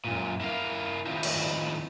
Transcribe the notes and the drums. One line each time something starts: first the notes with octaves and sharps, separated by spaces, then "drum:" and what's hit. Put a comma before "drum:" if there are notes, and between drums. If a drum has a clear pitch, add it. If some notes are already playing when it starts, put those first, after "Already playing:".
F#2 A#2
E4 A#4 F5
A2 D#3 F3 C4 D#4 E4
drum: cymbal